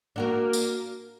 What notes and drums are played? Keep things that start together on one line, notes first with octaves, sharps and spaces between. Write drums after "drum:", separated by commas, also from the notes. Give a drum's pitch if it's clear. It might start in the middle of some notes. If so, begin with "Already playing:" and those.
A#3 D4 F#4 A#4
drum: tambourine